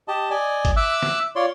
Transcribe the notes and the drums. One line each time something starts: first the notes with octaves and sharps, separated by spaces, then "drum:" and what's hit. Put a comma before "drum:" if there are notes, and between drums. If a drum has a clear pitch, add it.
G4 D#5 A5
D5 D#5 G#5
drum: kick G#1, hi-hat
E5 D6 E6 F#6
drum: snare
F4 C#5 D5 C6